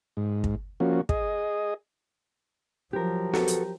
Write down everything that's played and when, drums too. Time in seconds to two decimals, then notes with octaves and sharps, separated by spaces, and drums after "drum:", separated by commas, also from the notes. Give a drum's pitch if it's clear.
0.17 G#2
0.44 drum: kick
0.80 F3 A#3 C#4 F#4
1.09 G#4 D#5, drum: kick
2.93 F3 F#3 G4 A#4
3.33 F#4 A4 B4, drum: snare
3.48 drum: hi-hat